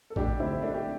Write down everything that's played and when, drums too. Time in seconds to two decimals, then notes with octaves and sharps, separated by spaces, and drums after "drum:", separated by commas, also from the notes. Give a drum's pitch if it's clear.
0.10 A4
0.16 D2 D4 G4, drum: kick
0.40 D3 C4 E4
0.62 A3 D4
0.74 G4